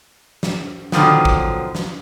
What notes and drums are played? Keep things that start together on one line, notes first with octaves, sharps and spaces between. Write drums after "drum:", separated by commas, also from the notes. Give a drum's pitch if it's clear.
drum: snare
B2 D3 D#3 F3 F#3, drum: snare
drum: kick A1
drum: snare